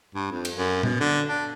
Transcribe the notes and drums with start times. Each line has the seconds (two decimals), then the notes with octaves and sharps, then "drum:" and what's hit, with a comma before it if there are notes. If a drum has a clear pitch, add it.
0.15 G2
0.31 F2
0.45 drum: cymbal
0.56 F#2
0.83 B2, drum: tom A#2
1.00 D3
1.29 D4